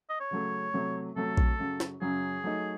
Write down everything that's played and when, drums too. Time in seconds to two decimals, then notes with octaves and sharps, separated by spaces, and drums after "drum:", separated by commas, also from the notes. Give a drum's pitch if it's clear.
0.10 D#5
0.20 C#5
0.31 C#3 F#3 A3
0.74 C3 F#3 A3
1.16 C3 F#3 A3 A4
1.37 drum: kick A#1
1.59 F#2 C#3 F#3
1.80 drum: snare
2.01 F#2 C#3 F#3 G#4
2.44 F#3 A3 D#4